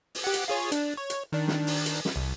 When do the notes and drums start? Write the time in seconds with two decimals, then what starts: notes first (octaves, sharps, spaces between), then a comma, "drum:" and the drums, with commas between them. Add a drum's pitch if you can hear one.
0.15 drum: open hi-hat
0.24 G4 F#5
0.34 drum: hi-hat
0.48 F4 G#4 C#5
0.72 D4, drum: hi-hat
0.97 C#5
1.10 drum: hi-hat
1.32 D#3 D4
1.48 drum: snare
1.67 drum: open hi-hat
1.86 drum: hi-hat
2.05 drum: snare
2.16 C2